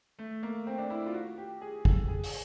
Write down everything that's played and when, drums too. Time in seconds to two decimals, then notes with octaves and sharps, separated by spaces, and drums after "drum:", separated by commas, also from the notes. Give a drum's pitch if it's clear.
0.19 A3
0.43 A#3
0.67 C4
0.78 D4
0.90 E4
1.06 F4
1.14 F#4
1.38 G4
1.61 G#4
1.85 A4, drum: kick G#1
2.08 G#4
2.24 drum: open hi-hat